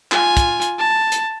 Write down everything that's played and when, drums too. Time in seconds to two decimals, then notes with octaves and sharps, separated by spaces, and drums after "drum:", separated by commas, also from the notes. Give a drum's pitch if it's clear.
0.12 F4 G#5, drum: clap
0.37 drum: kick, hi-hat
0.62 drum: hi-hat
0.79 A5
1.12 drum: hi-hat